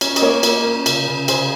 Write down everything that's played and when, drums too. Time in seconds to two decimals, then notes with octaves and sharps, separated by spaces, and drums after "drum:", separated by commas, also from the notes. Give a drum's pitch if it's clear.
0.01 C#4, drum: cymbal
0.16 D#5, drum: cymbal
0.22 A#3 A#4 C#5
0.43 A#3, drum: cymbal
0.64 C#4
0.86 C#3, drum: cymbal
1.07 C#3
1.28 C#3 G#4 C5, drum: cymbal